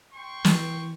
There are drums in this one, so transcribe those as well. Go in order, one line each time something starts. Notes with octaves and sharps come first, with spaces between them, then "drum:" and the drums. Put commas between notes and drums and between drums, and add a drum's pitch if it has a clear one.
G5 C6 C#6
E3, drum: snare